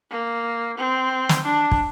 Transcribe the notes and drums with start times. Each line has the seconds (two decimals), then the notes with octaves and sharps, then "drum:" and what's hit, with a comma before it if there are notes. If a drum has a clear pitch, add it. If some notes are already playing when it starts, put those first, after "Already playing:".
0.11 A#3
0.77 C4
1.29 drum: snare
1.44 D4
1.71 drum: kick